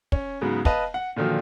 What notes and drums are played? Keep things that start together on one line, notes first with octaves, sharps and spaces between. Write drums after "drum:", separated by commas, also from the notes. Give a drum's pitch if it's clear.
C#4, drum: kick
G#2 C#3 F#3 B3
B4 D#5 F5 A5, drum: kick
F#5
A#2 D3 D#3 F3 F#3